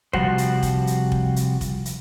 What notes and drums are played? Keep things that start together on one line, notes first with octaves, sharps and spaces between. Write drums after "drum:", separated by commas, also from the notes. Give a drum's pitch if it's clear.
C3 F3 G3 F#4 C5, drum: kick F1
drum: hi-hat
drum: kick F1, hi-hat
drum: hi-hat
drum: kick F1
drum: hi-hat
drum: kick F1, hi-hat
drum: hi-hat